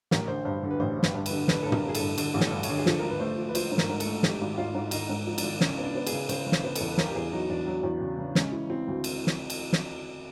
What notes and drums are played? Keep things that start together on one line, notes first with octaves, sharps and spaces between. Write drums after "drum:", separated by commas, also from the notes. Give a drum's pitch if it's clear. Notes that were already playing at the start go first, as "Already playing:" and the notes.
A1 A#4, drum: snare
D3 C5
G2 C5
D3
B4
A1 C5
G2
B4, drum: snare
G2
B4, drum: cymbal
D3
D3 B4, drum: snare
G2 A4
A#4, drum: tom
G2
G#4
G2 A4, drum: cymbal
D3, drum: cymbal
A1
A4, drum: snare
G2
C#5, drum: cymbal
D3
G#4
F3 A4, drum: snare
G#1 A#4
B4
A3 C5
F3
B4
F3 C5, drum: cymbal
G#2
A#4, drum: snare
G#2
A4, drum: cymbal
A3
A3 G4, drum: snare
G#1
G#2 F4
G#2
G#1 D#4, drum: cymbal
G#2
F3
D4, drum: cymbal
G#1
C#3 C#4, drum: snare
B3
D4
B3
G#4, drum: cymbal
C#3
C#3 C5, drum: cymbal
C#3
C5, drum: snare
B3
E2 A4, drum: cymbal
B4
B3 A#4, drum: snare
G4
E2 G#4
F#3 D#4
E2 D4
F#3
E2
C#3
C#3
G#3 C#4, drum: snare
E3
E3 C4
D2
drum: cymbal
drum: snare
drum: cymbal
drum: snare